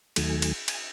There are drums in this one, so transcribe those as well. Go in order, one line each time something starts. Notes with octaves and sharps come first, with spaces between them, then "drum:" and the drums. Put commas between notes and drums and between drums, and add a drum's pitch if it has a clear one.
D#2 D#3 F#3 A3 G#5, drum: cymbal
drum: cymbal
G#5, drum: cymbal